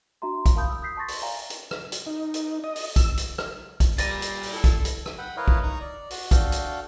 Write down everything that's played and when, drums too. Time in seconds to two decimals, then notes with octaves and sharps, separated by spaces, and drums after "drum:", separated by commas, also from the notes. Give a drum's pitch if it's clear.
0.22 D4 F#4 E5 A#5 C6
0.46 drum: kick, hi-hat
0.56 A#4 F5 A5 B5 D#6 G6
0.70 D#6 E6
0.82 D#6 G6 B6 C7
0.97 A5 C6 C#6 A6 A#6
1.08 drum: open hi-hat
1.22 D5 E5 F5 G5 G#5 A#5
1.50 drum: hi-hat
1.71 drum: rim click
1.92 drum: hi-hat
2.06 D#4
2.34 drum: hi-hat
2.64 D#5
2.76 drum: open hi-hat
2.96 E6, drum: kick, hi-hat
3.17 drum: hi-hat
3.38 drum: rim click
3.80 drum: kick, hi-hat
3.98 G3 F4 A#4 A6 A#6 D#7, drum: hi-hat
4.22 drum: hi-hat
4.43 drum: open hi-hat
4.53 E4 A4
4.64 drum: kick, hi-hat
4.85 drum: hi-hat
5.06 drum: rim click
5.18 F#5 G5 B5
5.37 E4 A#4 B4 C#5 D#5 F5
5.48 drum: kick
5.63 D#4 A#5 C#6 D#6
5.81 D5
6.10 F#4, drum: open hi-hat
6.31 D4 F#4 A4 F5 G5, drum: kick, hi-hat
6.52 drum: hi-hat